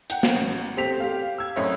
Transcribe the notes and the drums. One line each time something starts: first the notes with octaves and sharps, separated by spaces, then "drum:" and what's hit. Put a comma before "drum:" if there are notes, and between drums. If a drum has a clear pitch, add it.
F#5 G5, drum: hi-hat
drum: snare
A1
A3 C4 G4 C5 B6 F7
G4 F5
E6 G#6
F#2 A2 C4 C#5 D#5 E5